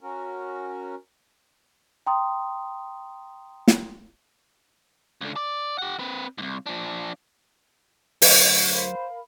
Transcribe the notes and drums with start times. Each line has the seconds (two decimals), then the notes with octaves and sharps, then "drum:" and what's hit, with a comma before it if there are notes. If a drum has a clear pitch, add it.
0.01 C#4 F#4 A#4
2.06 G5 A#5 C6 D#6
3.68 drum: snare
5.21 C#2 D3
5.36 D5
5.78 G4 F#5
5.99 C4 B4
6.38 C2 G#2
6.66 F3 D4
8.22 D2 F#3, drum: open hi-hat
8.72 A#4 C5 F5 B5